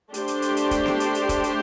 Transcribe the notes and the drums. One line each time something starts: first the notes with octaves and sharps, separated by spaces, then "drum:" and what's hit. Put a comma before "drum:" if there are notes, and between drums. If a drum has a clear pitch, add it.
A3 D4 G4 C5, drum: hi-hat
drum: hi-hat
drum: hi-hat
drum: hi-hat
drum: kick, hi-hat
drum: snare B3
drum: hi-hat
drum: hi-hat
drum: kick, hi-hat
drum: hi-hat